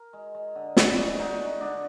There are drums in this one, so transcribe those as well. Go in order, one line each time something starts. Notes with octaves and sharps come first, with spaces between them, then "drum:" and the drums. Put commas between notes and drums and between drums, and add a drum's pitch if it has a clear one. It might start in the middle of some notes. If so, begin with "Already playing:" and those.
Already playing: A#4
G#3
G#3
D3
D3 F#4, drum: snare
G#3
D3 D#4
G#3
D3 D4